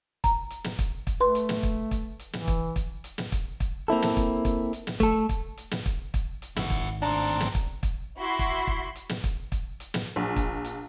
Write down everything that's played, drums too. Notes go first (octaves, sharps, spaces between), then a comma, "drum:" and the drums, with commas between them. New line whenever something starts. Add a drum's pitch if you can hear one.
A#5, drum: kick, hi-hat
drum: hi-hat
drum: snare
drum: kick, hi-hat
drum: kick, hi-hat
A3 B4 C6
drum: hi-hat
drum: snare
drum: kick, hi-hat
drum: kick, hi-hat
drum: hi-hat
E3, drum: snare
drum: kick, hi-hat
drum: kick, hi-hat
drum: hi-hat
drum: snare
drum: kick, hi-hat
drum: kick, hi-hat
A#3 C4 E4 A4
drum: snare
drum: kick, hi-hat
drum: kick, hi-hat
drum: hi-hat
drum: snare
A3 A4, drum: kick, hi-hat
drum: kick, hi-hat
drum: hi-hat
drum: snare
drum: kick, hi-hat
drum: kick, hi-hat
drum: hi-hat
G#1 E4 F#4, drum: snare
drum: kick, hi-hat
A2 C4 D4 A#5
drum: hi-hat
drum: snare
drum: kick, hi-hat
drum: kick, hi-hat
E4 F#4 B5 C6 C7
drum: kick, hi-hat
drum: kick
drum: hi-hat
drum: snare
drum: kick, hi-hat
drum: kick, hi-hat
drum: hi-hat
drum: snare
A#1
drum: kick, hi-hat
drum: hi-hat